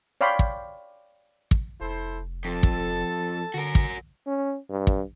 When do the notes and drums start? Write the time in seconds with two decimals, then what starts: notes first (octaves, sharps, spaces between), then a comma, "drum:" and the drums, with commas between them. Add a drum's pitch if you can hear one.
0.21 C#5 D5 F5 G5 B5 C6
0.39 drum: kick
1.51 drum: kick
1.80 F1 E4 A4 C5
2.45 F2 A4 A5
2.63 drum: kick
3.54 D3 F#4 A#4
3.75 drum: kick
4.27 C#4
4.69 G2
4.87 drum: kick